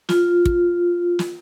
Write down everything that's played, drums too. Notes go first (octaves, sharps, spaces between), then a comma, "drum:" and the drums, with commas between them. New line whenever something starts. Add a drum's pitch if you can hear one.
F4, drum: snare
drum: kick
drum: snare